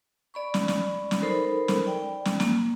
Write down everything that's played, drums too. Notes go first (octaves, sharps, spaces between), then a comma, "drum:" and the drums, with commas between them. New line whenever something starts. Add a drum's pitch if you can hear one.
D5 B5 C#6
drum: snare
drum: snare
drum: snare
D#4 A4 A#4 C5 B5
drum: snare
D5 G5
drum: snare
A#3, drum: snare